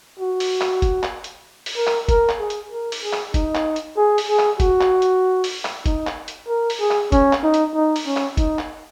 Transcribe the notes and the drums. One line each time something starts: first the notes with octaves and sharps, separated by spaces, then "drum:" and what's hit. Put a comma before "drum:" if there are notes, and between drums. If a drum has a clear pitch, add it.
F#4
drum: open hi-hat
drum: clap
drum: kick F1, hi-hat
drum: clap
drum: hi-hat
drum: open hi-hat
A#4
drum: clap
A#4, drum: kick F1, hi-hat
drum: clap
G#4
drum: hi-hat
A#4
drum: open hi-hat
G#4
drum: clap
D#4, drum: kick F1, hi-hat
drum: clap
drum: hi-hat
G#4
drum: open hi-hat
G#4
drum: clap
F#4, drum: kick F1, hi-hat
drum: clap
drum: hi-hat
drum: open hi-hat
drum: clap
D#4, drum: kick F1, hi-hat
drum: clap
drum: hi-hat
A#4
drum: open hi-hat
G#4
drum: clap
C#4, drum: kick F1, hi-hat
drum: clap
D#4
drum: hi-hat
D#4
drum: open hi-hat
C#4
drum: clap
D#4, drum: kick F1, hi-hat
drum: clap